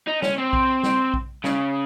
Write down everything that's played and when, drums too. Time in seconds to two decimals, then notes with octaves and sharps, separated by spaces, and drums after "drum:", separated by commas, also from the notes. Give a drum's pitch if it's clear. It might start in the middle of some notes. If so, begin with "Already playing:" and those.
0.08 D#4
0.22 C#4, drum: snare
0.38 C4
0.53 drum: kick A#1
0.83 drum: snare
1.14 drum: kick A#1
1.44 C#3, drum: snare